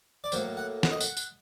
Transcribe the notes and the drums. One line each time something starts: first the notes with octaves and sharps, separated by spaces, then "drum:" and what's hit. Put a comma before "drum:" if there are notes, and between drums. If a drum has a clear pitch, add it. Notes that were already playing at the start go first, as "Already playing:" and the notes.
D5
A2 F#3 A#3 C5, drum: tambourine
F#5
F#5, drum: snare
D#5
F#5, drum: tambourine
drum: tambourine